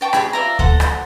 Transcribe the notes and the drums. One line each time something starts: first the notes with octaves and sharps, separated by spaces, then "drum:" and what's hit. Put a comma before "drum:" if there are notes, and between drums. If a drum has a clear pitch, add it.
D5 G5 A5 C#6
G4 G#4 B5, drum: rim click
F4 D5 E5 A#5
A4 C5 F#5 A#5, drum: kick D2
drum: rim click